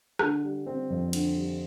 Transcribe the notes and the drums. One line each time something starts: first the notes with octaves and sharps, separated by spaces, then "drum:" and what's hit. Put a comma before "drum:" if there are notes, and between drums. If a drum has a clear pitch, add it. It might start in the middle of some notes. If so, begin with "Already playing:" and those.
D3, drum: rim click
G3
C4
F2
D3, drum: cymbal
G3